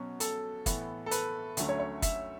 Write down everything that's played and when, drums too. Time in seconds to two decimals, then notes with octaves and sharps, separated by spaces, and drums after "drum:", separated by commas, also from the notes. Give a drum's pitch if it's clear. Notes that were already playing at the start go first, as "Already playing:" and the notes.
Already playing: B2 F#3 C#4
0.20 A4, drum: hi-hat
0.66 A2 E3 B3, drum: kick, hi-hat
1.06 A4
1.11 B4, drum: hi-hat
1.57 D2 D3 F#3 A3 C#4, drum: hi-hat
1.69 C#5
1.80 C#5
2.02 E5, drum: kick, hi-hat